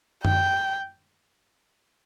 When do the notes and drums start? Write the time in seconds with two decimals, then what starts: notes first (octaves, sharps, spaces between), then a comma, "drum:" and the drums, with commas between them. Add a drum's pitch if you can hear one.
0.25 G5, drum: tom F#2